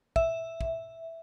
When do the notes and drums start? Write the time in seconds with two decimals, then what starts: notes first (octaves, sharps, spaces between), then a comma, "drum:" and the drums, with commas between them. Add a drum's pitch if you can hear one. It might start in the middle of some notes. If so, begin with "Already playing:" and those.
0.16 E5, drum: kick
0.61 drum: kick